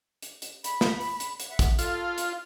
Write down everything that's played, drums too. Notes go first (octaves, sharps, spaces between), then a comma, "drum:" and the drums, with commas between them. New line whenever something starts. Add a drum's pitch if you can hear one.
drum: hi-hat
drum: hi-hat
B5, drum: hi-hat
drum: snare
drum: open hi-hat
drum: hi-hat
drum: hi-hat
E5 F#5
drum: kick, hi-hat
F4 A4, drum: hi-hat
drum: hi-hat